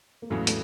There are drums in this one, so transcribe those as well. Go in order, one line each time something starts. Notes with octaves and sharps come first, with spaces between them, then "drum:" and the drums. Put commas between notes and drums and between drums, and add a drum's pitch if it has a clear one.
A#3
E2 A2 C#3 F#3 A3
A3, drum: hi-hat